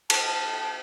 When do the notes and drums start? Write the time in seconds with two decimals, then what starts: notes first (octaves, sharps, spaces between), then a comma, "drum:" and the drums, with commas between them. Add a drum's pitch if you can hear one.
0.10 A5, drum: cymbal